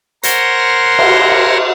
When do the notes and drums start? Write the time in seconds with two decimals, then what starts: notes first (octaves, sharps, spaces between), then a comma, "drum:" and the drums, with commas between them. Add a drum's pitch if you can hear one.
0.23 A#4 C5 C#5 F#5 C6 A#6, drum: hi-hat
0.99 drum: cymbal